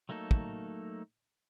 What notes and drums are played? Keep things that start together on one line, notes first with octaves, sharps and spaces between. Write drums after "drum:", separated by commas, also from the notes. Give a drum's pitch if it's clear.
F#3 A3 A#3 D#4 A4
drum: kick